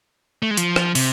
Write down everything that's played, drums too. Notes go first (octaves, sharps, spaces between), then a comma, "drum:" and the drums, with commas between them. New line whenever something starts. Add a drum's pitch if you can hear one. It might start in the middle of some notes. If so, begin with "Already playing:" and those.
A3
G#3
F3, drum: hi-hat
drum: rim click
C3, drum: open hi-hat